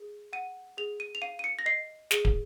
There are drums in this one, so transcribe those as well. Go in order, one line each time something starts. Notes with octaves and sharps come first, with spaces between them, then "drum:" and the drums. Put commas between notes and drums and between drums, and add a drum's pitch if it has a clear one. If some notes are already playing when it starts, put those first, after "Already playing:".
Already playing: G#4
F#5 D#7
G#4 F7
D#7
F7
F5 D#7
D#7
C#7
A#6
D#5 C7
G#4, drum: snare
drum: kick